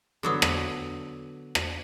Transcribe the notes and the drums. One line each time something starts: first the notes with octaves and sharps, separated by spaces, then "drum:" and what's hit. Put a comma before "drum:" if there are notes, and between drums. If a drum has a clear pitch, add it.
D3 F#3 B3
drum: rim click
drum: rim click